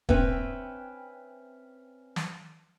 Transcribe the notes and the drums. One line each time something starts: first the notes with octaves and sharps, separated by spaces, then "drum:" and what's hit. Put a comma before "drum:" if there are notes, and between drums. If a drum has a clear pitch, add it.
C4 C#4 B4 E5 G5, drum: kick
drum: snare